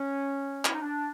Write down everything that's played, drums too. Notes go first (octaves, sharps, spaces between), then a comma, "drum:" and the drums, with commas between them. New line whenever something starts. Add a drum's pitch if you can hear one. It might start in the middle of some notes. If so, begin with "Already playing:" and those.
Already playing: C#4
E4, drum: clap
D#4
D4